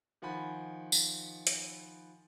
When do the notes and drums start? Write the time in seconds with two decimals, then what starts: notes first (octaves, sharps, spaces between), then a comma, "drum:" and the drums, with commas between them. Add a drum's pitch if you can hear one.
0.22 D#3 F3 F#5 G#5 B5
0.92 drum: tambourine
1.47 drum: hi-hat